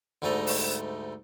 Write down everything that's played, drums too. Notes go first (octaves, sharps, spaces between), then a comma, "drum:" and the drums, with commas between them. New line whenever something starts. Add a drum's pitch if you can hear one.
D2 G#2 G3 A3 D#5 A#5
drum: open hi-hat